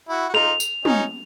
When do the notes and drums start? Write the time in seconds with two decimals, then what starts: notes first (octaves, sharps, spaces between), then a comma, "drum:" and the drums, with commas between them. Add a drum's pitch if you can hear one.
0.09 E4 F#4
0.29 F#4
0.34 D#4 F4 F7, drum: rim click
0.60 drum: tambourine
0.85 C#4 D#4, drum: tom